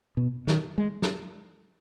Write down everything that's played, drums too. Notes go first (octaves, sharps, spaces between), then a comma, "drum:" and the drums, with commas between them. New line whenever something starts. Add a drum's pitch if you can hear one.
B2
D#3, drum: snare
G#3
drum: snare